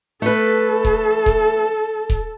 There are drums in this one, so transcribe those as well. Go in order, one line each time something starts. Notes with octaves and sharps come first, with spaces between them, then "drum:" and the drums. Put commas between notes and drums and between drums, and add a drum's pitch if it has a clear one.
A3 A4 B4
drum: kick D#1
drum: kick D#1
drum: kick D#1